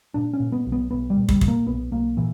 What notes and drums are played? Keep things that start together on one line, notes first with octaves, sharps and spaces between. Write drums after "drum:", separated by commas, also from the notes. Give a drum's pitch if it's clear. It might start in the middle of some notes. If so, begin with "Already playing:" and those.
A#2 D4
C#4
A#2
B3
B1
B3
B1 B3
G3
A#2
G3, drum: kick
A#2, drum: kick
A#3
B1 B3
B1 A#3
A#2 E3